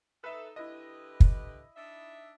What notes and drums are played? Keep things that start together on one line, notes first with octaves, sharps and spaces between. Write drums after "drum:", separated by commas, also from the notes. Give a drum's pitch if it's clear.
D#4 A4 B4 E5
D3 E4 G4 B4 D#5
drum: kick
D4 D#4 E5